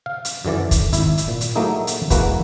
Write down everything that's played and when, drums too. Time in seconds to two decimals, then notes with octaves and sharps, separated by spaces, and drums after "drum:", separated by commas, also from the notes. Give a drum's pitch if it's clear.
0.06 F5
0.25 drum: hi-hat
0.45 F#2 D3 E3 D5
0.71 drum: kick, hi-hat
0.93 G#1 E4, drum: hi-hat
1.18 drum: hi-hat
1.28 A#2
1.41 drum: hi-hat
1.55 F#3 A3 A#3 D#4 E4 G#4
1.87 drum: hi-hat
2.10 E3 G#3 A#3 E4 F#4 B4, drum: kick, hi-hat